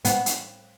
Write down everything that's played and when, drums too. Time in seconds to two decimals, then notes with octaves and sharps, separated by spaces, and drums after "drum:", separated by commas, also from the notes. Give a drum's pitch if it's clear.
0.05 B3, drum: hi-hat
0.26 drum: hi-hat